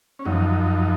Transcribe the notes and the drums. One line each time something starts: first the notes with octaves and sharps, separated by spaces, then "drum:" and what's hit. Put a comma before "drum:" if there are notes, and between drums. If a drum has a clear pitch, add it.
C#4
F#2 F3 D#4, drum: tom